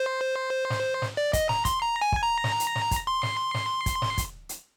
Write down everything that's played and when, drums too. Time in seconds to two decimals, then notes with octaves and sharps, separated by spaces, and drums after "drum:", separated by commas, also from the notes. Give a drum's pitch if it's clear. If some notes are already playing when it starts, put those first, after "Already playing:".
Already playing: C5
0.70 drum: snare
1.02 drum: snare
1.17 D5
1.33 D#5, drum: kick, hi-hat
1.49 A#5, drum: snare
1.65 C6, drum: kick, hi-hat
1.81 A#5
2.01 G#5
2.12 drum: kick
2.23 A#5
2.44 drum: snare
2.60 drum: hi-hat
2.76 drum: snare
2.91 drum: kick, hi-hat
3.07 C6
3.23 drum: snare
3.54 drum: snare
3.86 drum: kick, hi-hat
4.02 drum: snare
4.18 drum: kick, hi-hat
4.49 drum: hi-hat